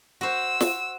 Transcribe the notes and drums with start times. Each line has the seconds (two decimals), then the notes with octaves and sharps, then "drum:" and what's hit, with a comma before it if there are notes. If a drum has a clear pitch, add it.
0.21 F#4 C5 E6
0.61 drum: snare